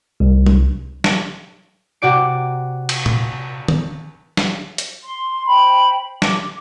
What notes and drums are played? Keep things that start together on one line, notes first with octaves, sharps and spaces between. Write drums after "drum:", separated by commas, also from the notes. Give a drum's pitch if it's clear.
C2
drum: tom
drum: snare
C3 F#4 D5 D7
drum: cymbal
drum: tom A#2
drum: tom
drum: snare
drum: hi-hat
C6
C5 G5 B5
D6, drum: snare